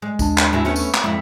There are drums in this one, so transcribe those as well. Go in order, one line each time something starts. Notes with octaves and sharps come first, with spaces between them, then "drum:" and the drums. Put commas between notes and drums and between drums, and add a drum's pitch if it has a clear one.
G#3
D#2 D4 A5, drum: kick A#1, tambourine
drum: clap
G#3 E4 F#4
A3 B3 C#4
drum: tambourine
drum: clap
F2 G#3 E4